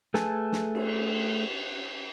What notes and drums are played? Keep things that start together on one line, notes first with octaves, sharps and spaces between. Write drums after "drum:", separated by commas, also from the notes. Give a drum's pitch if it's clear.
A3 G#4 A4 B4 G#5 A5, drum: snare
drum: snare
drum: cymbal